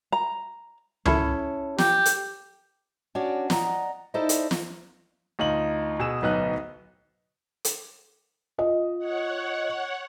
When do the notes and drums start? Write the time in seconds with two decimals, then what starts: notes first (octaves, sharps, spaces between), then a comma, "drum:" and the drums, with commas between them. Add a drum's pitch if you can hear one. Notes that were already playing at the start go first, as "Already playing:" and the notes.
0.12 A#5
1.05 C#4 E4 A4, drum: tom C#2
1.78 G4, drum: snare
2.06 drum: hi-hat
3.15 C#4 D4 F#4 C#5 D5
3.50 D5 D#5 F#5 A#5, drum: snare
4.14 D#4 E4 A4 C5 D5 D#5
4.29 drum: hi-hat
4.51 drum: snare
5.39 D2 D#4 F4 F#7
5.99 B2 G#4 D#6 E6 E7
6.22 D1 B1 B3 D#4 D#6 F#6
7.65 drum: hi-hat
8.58 F4 D#5
8.99 C#5 F#5